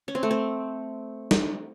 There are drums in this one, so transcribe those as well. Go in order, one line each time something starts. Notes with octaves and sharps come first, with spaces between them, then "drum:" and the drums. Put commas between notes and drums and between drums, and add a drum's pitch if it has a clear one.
C#4
C4
A3
C4
drum: snare